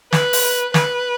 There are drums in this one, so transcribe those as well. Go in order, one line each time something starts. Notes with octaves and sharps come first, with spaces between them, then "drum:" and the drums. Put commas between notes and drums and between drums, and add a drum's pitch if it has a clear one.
B4, drum: snare
drum: open hi-hat
B4, drum: snare